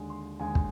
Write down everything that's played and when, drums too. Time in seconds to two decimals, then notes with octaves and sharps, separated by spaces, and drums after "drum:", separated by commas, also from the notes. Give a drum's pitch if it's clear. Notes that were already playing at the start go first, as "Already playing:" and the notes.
Already playing: D#2 D3 G#3
0.10 C6
0.40 D#2 D3 G#3 G#5
0.55 drum: kick